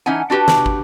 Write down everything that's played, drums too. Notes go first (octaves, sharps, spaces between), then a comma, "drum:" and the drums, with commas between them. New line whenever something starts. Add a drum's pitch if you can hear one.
E3 C#4 D#4 F#5 G#5
D4 F#4 G4 B4
drum: snare
drum: kick